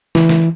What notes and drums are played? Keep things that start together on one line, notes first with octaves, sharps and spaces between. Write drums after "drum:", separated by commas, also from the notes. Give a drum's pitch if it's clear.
E3, drum: snare
drum: snare